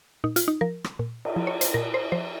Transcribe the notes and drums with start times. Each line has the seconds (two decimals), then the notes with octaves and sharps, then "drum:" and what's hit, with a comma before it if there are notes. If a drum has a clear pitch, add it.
0.24 A#2 D#4
0.36 F4, drum: hi-hat
0.48 D#4
0.61 F3 A#4
0.84 drum: rim click
0.99 A#2
1.25 drum: cymbal
1.36 F3
1.47 C#5
1.61 C5, drum: hi-hat
1.74 A#2 A#4
1.94 C5
2.12 F3 C5